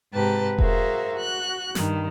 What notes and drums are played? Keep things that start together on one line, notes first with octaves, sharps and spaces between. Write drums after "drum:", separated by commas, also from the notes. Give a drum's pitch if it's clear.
G#2 C3 G4 B4 A5 A#5
F#4 G#4 A#4 C5 E5 F5, drum: kick E1
F#4 F#6
G2 D#3 G3, drum: snare